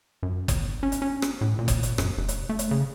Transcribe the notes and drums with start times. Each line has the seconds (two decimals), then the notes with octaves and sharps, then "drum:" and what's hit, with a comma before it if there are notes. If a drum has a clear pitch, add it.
0.23 F#2
0.48 G1, drum: kick F#1, hi-hat
0.83 C#4
0.92 drum: hi-hat
1.02 C#4
1.22 drum: rim click
1.41 A2
1.59 A#2
1.68 drum: kick F#1, hi-hat
1.83 drum: hi-hat
1.98 F#2, drum: rim click
2.17 F1
2.29 drum: hi-hat
2.49 A3
2.59 drum: hi-hat
2.71 C#3